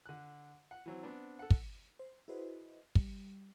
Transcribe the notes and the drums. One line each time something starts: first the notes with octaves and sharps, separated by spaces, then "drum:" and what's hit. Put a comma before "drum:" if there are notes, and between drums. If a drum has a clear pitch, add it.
D3 F#6
F#5
E3 F#3 C4
B3 C4 D4
A4 F#5
drum: kick
C5
E4 F#4 G#4 B4 C5 D#5
G3, drum: kick